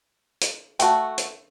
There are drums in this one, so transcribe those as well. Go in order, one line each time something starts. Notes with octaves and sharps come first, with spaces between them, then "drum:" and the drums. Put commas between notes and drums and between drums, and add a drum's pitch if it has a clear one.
drum: hi-hat
A3 F#4 G5 A5, drum: hi-hat
drum: hi-hat